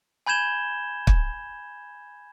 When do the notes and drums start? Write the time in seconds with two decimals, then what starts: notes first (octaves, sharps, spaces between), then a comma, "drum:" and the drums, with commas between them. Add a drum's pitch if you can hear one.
0.27 G#5 B5 G6 G#6 E7 G7
1.07 drum: kick